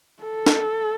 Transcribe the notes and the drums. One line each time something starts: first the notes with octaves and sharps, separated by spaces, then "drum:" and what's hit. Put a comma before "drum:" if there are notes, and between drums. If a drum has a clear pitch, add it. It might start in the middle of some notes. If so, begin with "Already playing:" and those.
A4
drum: snare